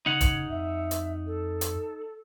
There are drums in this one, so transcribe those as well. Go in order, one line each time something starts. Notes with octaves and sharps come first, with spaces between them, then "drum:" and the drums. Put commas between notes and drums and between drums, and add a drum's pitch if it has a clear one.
C#3 D#4 F#5 G#6
drum: kick, hi-hat
F2 E5
drum: hi-hat
A4
drum: hi-hat